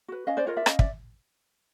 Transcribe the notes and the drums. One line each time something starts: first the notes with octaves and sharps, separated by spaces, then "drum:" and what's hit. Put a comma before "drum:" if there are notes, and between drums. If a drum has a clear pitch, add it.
F#4 B4
C#4 D#5 F5
C5 D5
F4 A#4 C#5 D#5
D5 E5
C#4 D#5 F5, drum: rim click
D5 E5, drum: kick